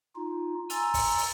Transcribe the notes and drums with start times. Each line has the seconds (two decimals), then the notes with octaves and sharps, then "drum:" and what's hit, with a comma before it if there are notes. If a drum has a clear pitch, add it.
0.16 D#4 F4
0.70 G#5 A#5 C6 E6 A6, drum: hi-hat
0.94 drum: kick, open hi-hat
1.18 drum: open hi-hat